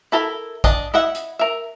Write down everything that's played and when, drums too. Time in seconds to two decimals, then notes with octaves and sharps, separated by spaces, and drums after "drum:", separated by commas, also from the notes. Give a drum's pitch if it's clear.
0.12 E4 A4 A#4 B5
0.64 D4 D#5 A5, drum: kick A#1, hi-hat
0.94 E4 D#5 E5 F#5
1.15 drum: hi-hat
1.39 A#4 E5